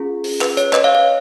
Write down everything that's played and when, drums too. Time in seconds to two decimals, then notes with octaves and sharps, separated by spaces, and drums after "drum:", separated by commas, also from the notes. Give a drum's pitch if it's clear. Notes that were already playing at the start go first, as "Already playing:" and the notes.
Already playing: C#4 F4 G#4
0.24 drum: open hi-hat
0.41 B4, drum: clap
0.57 C#5, drum: hi-hat
0.73 B4 D#5, drum: clap
0.84 C#5 F5
0.95 C#5 F5